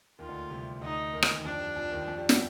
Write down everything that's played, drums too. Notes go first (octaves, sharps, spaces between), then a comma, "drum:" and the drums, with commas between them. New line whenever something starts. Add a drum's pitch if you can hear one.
D#2 D#3 F4
D2 D3
C2 C3
D2 D3 D#4
D#2 D#3
drum: rim click
D#3
F2 F3 D4
G2 G3
F2 F3
D#2 D#3
F2 F3
G2 G3
G3, drum: snare